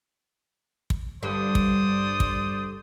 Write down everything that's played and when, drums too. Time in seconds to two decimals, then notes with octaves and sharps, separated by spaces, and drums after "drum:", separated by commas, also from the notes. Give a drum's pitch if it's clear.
0.90 drum: kick
1.23 G2 D3 C5 D5 D#6
1.55 drum: kick
2.20 drum: kick